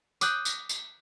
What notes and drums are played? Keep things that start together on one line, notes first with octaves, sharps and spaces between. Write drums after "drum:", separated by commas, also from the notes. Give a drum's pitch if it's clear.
D6 D#6 F#6 G6, drum: tambourine
drum: tambourine
drum: tambourine